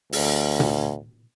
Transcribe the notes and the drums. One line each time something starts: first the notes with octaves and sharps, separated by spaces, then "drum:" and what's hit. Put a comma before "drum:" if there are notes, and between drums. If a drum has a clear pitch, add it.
D2, drum: open hi-hat
drum: tom A#2